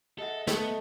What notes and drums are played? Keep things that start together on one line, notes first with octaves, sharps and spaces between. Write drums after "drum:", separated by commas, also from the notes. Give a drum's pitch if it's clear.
G#4 A4 D#5 E5 F#5
A3 B3, drum: snare